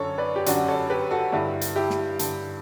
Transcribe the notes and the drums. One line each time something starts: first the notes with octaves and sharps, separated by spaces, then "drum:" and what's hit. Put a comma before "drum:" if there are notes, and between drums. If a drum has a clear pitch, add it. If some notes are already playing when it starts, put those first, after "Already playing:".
Already playing: F#2 D3 A4 C#5
B4 D5
G4
F#2 D3 D4 F#4, drum: hi-hat
A4 C#5
G4 B4
F#4 A4
G2 D3 E4 G4
drum: hi-hat
E4 G4
drum: snare
G2 D3, drum: hi-hat